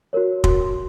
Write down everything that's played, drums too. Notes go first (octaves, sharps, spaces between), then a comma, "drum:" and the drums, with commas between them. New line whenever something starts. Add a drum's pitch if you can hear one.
F#4 A#4 C#5
F#4 C6, drum: kick